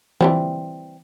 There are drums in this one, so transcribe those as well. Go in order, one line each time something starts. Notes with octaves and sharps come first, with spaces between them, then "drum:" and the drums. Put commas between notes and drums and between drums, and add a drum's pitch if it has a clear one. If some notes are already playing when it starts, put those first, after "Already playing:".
E3 G3 C4, drum: tom E3